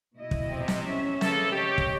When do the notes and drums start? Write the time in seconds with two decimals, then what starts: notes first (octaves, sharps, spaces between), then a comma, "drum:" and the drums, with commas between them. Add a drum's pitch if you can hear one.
0.17 B2 E4 D#5
0.31 drum: kick
0.48 C3
0.68 drum: snare
0.86 C#4 E5
1.21 C#3 A#3 B3 A4, drum: snare
1.52 G4 C#5 D#5
1.78 drum: kick